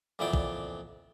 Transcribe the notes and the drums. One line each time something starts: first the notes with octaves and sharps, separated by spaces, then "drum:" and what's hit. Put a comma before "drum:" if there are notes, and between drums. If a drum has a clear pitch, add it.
F2 A#2 E3 B3 D5 G5
drum: kick